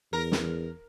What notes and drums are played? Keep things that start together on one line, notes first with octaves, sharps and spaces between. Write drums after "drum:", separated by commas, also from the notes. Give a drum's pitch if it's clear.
E2 A#4
drum: snare